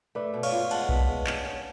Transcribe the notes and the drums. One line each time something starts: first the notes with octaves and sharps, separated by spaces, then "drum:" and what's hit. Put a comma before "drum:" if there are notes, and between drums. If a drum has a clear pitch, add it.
A3 B4 D5
B2
C#5 F5, drum: cymbal
F4
G#3 F#5 A5, drum: cymbal
B3, drum: kick B1
G#3
C#4, drum: clap
C#4